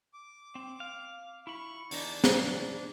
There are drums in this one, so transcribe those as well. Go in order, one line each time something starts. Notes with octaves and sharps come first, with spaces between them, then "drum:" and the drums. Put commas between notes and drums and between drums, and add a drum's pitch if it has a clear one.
D6
C4
F5
E4 B5 C#6
E2 E3 D4 D#4, drum: open hi-hat
drum: snare